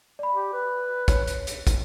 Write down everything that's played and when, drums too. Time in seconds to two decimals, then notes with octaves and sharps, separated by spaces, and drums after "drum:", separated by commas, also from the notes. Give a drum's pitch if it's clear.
0.19 D5 B5
0.35 G4
0.53 B4
1.08 C#5, drum: kick, hi-hat
1.28 drum: hi-hat
1.47 drum: hi-hat
1.67 drum: kick, hi-hat